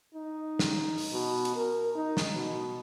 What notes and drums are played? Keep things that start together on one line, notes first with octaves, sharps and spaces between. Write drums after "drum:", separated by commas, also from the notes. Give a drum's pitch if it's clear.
D#4
drum: snare
drum: open hi-hat
B2
drum: hi-hat
A#4
D#4
drum: snare
B2